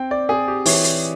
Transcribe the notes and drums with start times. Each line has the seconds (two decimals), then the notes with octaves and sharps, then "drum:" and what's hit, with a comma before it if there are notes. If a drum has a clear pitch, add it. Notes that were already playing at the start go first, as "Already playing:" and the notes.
Already playing: C4 G5
0.11 D5
0.29 C4 G#4
0.48 G4
0.66 E3 C#5, drum: open hi-hat
0.84 drum: hi-hat